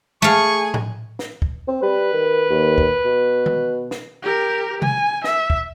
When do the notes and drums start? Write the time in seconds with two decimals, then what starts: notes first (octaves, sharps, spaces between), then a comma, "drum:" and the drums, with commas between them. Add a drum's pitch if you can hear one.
0.22 A3 G#4 F5 G#5 C#6
0.74 drum: tom A2
1.19 drum: snare
1.42 drum: kick
1.68 C4
1.83 G3 B4
2.13 D#3
2.50 D#2
2.78 drum: kick
3.05 B2
3.46 drum: tom D3
3.91 drum: snare
4.22 G4 A#4
4.82 G#5, drum: tom C3
5.24 E5, drum: snare
5.50 drum: kick